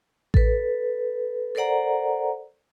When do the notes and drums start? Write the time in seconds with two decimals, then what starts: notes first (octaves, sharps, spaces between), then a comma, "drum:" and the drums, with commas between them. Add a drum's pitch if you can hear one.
0.34 A4 B4, drum: kick A1
1.55 A4 A#4 C5 D5 F#5 A#5